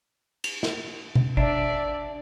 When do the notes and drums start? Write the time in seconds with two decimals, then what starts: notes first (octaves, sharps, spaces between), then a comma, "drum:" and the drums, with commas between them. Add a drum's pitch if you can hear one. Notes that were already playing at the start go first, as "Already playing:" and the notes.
0.44 drum: cymbal
0.63 drum: snare
1.15 drum: tom B2
1.37 D4 D5 E5, drum: kick G#1